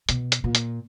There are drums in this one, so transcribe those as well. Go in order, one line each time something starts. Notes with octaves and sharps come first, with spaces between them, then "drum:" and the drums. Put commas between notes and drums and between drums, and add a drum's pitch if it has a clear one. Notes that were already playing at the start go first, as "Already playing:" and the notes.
B2, drum: hi-hat
drum: hi-hat
A#2
drum: hi-hat